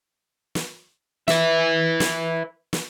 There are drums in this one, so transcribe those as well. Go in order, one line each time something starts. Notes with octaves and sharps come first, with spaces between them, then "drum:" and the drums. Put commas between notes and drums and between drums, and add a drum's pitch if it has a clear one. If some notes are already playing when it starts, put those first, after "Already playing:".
drum: snare
B4 E5, drum: snare
drum: snare
drum: snare